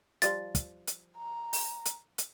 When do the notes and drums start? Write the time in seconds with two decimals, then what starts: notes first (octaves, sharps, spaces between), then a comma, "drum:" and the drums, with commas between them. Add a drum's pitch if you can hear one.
0.22 F3 G3 F4 A6, drum: hi-hat
0.55 drum: kick, hi-hat
0.87 drum: hi-hat
1.17 A#5
1.53 drum: open hi-hat
1.85 drum: hi-hat
2.18 drum: hi-hat